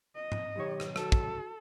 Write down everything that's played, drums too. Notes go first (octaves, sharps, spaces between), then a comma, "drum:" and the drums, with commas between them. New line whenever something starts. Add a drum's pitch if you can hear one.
D#5
drum: tom G#2
B1 D#3 G4 C#5
drum: rim click
F#4 A4, drum: rim click
drum: kick